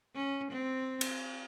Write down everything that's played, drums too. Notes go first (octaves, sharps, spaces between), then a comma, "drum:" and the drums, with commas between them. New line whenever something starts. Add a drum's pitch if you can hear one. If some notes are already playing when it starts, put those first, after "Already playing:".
C#4
C4
drum: cymbal